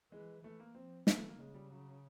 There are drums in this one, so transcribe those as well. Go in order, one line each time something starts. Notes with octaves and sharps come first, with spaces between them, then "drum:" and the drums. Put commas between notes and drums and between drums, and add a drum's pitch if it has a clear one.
E3 G#3
E3 A3
A#3
F3 C4
E3 A#3, drum: snare
A3
A#3
C#3 G#3
G3
F#3